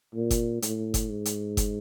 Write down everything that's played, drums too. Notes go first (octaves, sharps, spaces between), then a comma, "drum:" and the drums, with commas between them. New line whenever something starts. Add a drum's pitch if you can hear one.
A#2
drum: kick F#1, hi-hat
A2, drum: hi-hat
drum: kick F#1, hi-hat
G#2
drum: hi-hat
drum: kick F#1, hi-hat